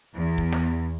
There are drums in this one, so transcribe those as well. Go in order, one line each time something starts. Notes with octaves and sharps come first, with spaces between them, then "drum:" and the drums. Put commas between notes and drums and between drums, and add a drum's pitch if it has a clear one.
E2
drum: kick
drum: snare